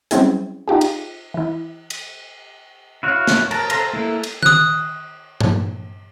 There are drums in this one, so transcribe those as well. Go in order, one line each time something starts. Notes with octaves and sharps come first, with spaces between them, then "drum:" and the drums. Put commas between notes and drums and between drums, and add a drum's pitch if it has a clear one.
F#3 G3 C4 C#4 E4 G#4, drum: hi-hat
D#4 F4 G4 G#4
drum: cymbal
E3 E4
drum: cymbal
E4 F#4 C#5 F5
drum: snare
A#4 A5, drum: cymbal
A4 C5 F5 A#5, drum: cymbal
A#3 E4 A4
drum: cymbal
D#6 F#6, drum: tom D#3
drum: tom G2